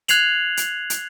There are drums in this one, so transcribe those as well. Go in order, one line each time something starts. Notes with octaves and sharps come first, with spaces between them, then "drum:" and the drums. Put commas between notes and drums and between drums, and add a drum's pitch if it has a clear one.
F#6 G#6 C7 F7 F#7, drum: hi-hat
drum: hi-hat
drum: hi-hat